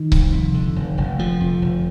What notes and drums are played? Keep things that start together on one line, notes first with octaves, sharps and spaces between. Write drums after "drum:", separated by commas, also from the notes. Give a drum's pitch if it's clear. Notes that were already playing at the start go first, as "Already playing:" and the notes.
Already playing: D#3
C2, drum: kick C#1
F2
D3
F1
F1
D3 F3
F2
F1